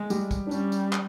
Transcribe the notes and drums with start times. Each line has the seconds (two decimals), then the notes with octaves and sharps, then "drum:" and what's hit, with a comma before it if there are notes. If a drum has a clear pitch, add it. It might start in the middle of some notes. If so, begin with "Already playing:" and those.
Already playing: G#3
0.10 G3 G4, drum: tambourine
0.31 drum: kick, tambourine
0.47 D4
0.51 G3 C#4, drum: tambourine
0.72 drum: tambourine
0.93 drum: clap